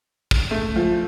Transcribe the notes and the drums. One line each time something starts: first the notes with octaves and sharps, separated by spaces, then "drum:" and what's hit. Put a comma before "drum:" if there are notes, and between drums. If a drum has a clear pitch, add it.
drum: kick
A3
F3